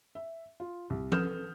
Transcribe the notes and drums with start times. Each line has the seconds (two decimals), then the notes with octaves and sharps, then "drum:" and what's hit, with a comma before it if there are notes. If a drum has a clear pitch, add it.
0.15 E5
0.60 F4
0.90 C2
1.12 A4 B4 D#6 F6 G6 E7, drum: tom F3